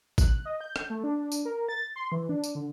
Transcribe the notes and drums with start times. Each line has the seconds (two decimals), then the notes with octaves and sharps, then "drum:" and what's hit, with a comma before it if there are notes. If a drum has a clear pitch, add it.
0.18 F#6, drum: kick, tambourine
0.45 D#5
0.61 G6
0.76 drum: rim click
0.90 A3
1.04 D4
1.32 drum: tambourine
1.45 A#4
1.69 A6
1.96 C6
2.12 E3
2.29 D4
2.44 drum: tambourine
2.55 D3